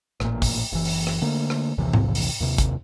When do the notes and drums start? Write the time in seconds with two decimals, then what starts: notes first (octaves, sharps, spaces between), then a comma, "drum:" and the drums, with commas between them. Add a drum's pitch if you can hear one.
0.20 A1 A#2, drum: rim click
0.42 drum: kick, open hi-hat
0.72 F#1 E3
0.85 drum: open hi-hat
1.07 drum: rim click
1.22 D3 A3 A#3
1.50 drum: rim click
1.78 A#1 D#2 C3 E3
1.93 drum: tom G#2
2.15 drum: open hi-hat
2.40 D#2 C3
2.58 drum: kick, hi-hat